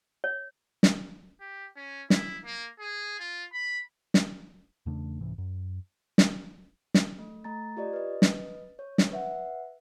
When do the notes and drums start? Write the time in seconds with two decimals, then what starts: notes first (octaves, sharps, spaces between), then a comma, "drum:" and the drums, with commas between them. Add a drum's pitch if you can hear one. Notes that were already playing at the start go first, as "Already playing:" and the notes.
0.24 C#5
0.83 drum: snare
1.40 G4
1.76 C#4
2.10 E4, drum: snare
2.44 A#3
2.80 G#4
3.19 F4
3.53 B5
4.14 drum: snare
4.86 E2 C#3 A3 D4
5.21 C2 G#2 C3 E3
5.38 F#2
6.18 drum: snare
6.94 drum: snare
7.18 A3
7.44 A3 A#5 A6
7.77 F4 G4 D5 D#5
7.93 B4 D#5
8.22 drum: snare
8.79 C#5
8.98 drum: snare
9.11 B4 E5 F#5